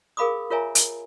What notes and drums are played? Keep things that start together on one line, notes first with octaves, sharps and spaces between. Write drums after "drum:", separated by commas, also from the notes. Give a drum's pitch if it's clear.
G#4 A#4 F5 B5 D6 D#6
F4 A#4 C#5 E5 G#5 A#5
drum: hi-hat